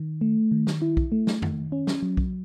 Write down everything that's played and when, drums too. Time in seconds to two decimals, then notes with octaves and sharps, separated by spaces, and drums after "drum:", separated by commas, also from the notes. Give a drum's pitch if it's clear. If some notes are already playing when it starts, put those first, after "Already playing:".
Already playing: D#3
0.21 A3
0.52 D#3
0.67 drum: snare
0.82 E4
0.97 drum: kick
1.12 A3
1.27 drum: snare
1.42 D#3, drum: tom F2
1.72 C#4
1.87 drum: snare
2.03 F#3
2.17 drum: kick